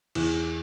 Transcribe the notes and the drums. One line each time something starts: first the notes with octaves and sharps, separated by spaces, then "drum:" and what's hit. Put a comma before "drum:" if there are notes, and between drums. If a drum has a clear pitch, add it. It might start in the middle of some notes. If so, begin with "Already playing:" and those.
E2, drum: cymbal